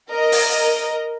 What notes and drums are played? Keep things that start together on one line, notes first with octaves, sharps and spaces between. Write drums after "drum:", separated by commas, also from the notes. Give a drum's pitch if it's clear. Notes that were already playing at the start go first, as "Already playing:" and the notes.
A#4 D#5
drum: open hi-hat